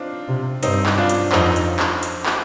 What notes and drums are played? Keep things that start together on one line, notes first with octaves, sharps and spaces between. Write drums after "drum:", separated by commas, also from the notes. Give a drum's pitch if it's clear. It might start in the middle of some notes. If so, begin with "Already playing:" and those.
Already playing: C4 D4 D#4 F4
C3
G2 C4 D#4, drum: hi-hat
drum: clap
D4 F4
drum: hi-hat
F2 C4 D#4, drum: clap
drum: hi-hat
drum: clap
drum: hi-hat
drum: clap